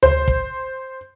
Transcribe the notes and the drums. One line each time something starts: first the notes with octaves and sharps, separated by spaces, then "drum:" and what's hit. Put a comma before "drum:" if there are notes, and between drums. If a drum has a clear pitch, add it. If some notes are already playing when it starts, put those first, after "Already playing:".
C5, drum: tom D2
drum: kick